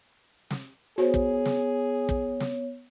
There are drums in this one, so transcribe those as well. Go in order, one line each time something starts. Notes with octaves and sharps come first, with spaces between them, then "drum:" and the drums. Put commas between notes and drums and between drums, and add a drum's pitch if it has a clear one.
drum: snare
B3 F#4 G#4 C5 C#5
drum: kick
drum: snare
drum: kick
drum: snare